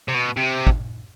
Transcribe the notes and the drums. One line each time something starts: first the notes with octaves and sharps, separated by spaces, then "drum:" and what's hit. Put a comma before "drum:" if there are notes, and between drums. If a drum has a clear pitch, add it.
C3
B2
C3
drum: kick